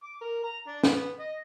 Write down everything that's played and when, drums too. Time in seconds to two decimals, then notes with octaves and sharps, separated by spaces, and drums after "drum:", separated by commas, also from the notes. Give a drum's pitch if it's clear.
0.03 D6
0.21 A#4
0.43 A#5
0.68 D4
0.84 B3, drum: snare
1.19 D#5